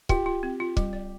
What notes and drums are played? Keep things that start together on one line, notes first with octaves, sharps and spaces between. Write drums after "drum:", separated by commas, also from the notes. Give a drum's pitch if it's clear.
F4 G4, drum: kick
F4
C4
F4
G3, drum: kick
D5